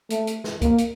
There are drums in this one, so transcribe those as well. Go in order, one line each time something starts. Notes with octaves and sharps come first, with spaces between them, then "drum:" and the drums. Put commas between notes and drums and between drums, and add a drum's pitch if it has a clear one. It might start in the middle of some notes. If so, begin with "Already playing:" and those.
A3, drum: hi-hat
drum: hi-hat
drum: snare
A#3, drum: kick C#2, hi-hat
drum: hi-hat